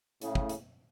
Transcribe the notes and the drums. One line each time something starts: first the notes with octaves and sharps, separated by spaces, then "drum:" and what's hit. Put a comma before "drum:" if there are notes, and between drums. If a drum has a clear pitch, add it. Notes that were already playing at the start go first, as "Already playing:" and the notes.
A2 C#3, drum: hi-hat
drum: kick
drum: hi-hat